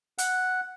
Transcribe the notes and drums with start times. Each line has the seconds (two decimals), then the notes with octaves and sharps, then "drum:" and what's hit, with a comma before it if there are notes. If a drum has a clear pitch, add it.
0.18 F#5, drum: hi-hat